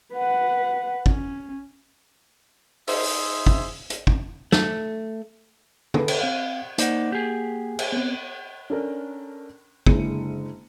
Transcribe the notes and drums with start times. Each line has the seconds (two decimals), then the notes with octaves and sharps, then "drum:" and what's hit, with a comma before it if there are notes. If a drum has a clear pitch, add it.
0.13 B4 F#5
1.06 C#4, drum: kick
2.87 D#4 G#4 C5 E5, drum: open hi-hat
3.46 drum: kick
3.90 drum: hi-hat
4.07 drum: kick
4.52 A3, drum: snare
5.94 A4 B4, drum: tom D3
6.08 drum: cymbal
6.21 C4 F5
6.78 A#3 D#4 C5 D5 F#5, drum: hi-hat
7.12 G4 G#4
7.79 drum: cymbal
7.92 B3 C4
8.70 C#4 D4 A4 A#4
9.86 F#1 D3 G#3 E4 C#7 D#7, drum: kick